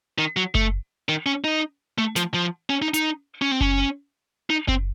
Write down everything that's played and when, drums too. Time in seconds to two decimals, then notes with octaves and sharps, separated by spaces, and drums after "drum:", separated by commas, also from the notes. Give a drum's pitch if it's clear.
0.18 D#3
0.37 F#3
0.55 A3, drum: kick F#1
1.09 D#3
1.26 C#4
1.44 D#4
1.98 A3, drum: tom A3
2.16 F3, drum: snare
2.34 F3
2.70 C#4
2.82 D#4
2.94 D#4, drum: hi-hat
3.42 C#4
3.51 C4
3.61 C#4, drum: kick F#1
4.50 D#4
4.68 C4, drum: kick F#1